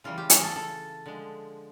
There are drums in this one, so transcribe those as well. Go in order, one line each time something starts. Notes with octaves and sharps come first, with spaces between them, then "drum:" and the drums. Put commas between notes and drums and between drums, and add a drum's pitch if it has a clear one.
C#3 E3 G3 F4
G4
G#4, drum: hi-hat
A4
A4
D3 F3 G#3